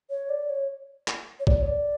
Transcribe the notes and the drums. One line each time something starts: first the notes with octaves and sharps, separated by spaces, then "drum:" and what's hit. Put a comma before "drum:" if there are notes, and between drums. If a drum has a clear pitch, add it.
C#5
D5
C#5
drum: clap
C#5
D5, drum: kick
C#5
D5